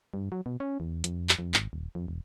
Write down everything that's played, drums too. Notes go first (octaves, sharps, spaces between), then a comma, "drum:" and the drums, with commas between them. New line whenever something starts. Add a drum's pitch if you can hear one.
G2
F#3
B2
C#4
E2
F2, drum: hi-hat
drum: clap
F2
G#1, drum: clap
D#1
F2
E1